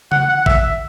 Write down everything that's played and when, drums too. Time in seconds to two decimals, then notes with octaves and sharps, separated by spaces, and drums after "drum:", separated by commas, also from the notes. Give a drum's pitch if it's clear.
0.12 F#5, drum: tom C#3
0.29 F#5
0.46 E5, drum: kick